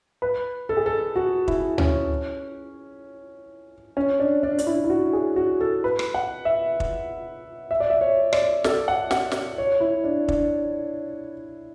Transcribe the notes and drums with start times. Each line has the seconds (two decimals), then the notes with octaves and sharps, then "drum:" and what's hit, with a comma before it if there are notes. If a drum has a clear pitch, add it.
0.22 B4
0.69 A4
0.77 G#4
0.86 A4
1.16 F#4
1.48 E4, drum: kick
1.78 C#4, drum: tom D2
3.97 C#4
4.19 D4
4.43 D4
4.58 D4, drum: hi-hat
4.67 E4
4.85 E4
4.90 F#4
5.13 G#4
5.36 F#4
5.61 A4
5.84 B4
5.99 drum: rim click
6.14 F#5
6.45 E5
6.80 drum: kick
7.71 E5
7.80 D5
7.90 E5
8.01 C#5
8.33 D5, drum: rim click
8.64 A4, drum: snare
8.88 F#5
9.11 F#5, drum: snare
9.32 drum: snare
9.58 C#5
9.80 E4
10.04 D4
10.28 D4, drum: kick